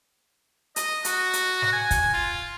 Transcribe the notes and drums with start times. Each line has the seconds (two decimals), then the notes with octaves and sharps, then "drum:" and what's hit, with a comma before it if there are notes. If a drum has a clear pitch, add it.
0.76 D#5, drum: hi-hat
1.05 F#4, drum: hi-hat
1.33 drum: hi-hat
1.62 drum: snare
1.72 G#5
1.91 drum: kick, hi-hat
2.13 F4